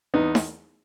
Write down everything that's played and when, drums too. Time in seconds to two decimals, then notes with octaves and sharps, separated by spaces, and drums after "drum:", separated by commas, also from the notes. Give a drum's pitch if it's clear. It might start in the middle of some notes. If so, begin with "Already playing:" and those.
0.14 E2 B3 D#4
0.35 drum: snare D#4